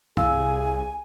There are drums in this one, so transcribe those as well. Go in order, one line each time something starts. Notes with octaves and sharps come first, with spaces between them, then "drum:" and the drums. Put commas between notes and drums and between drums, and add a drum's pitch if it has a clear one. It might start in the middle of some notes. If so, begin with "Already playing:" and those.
C2 E4 G#4 F5 G#5 E6, drum: tom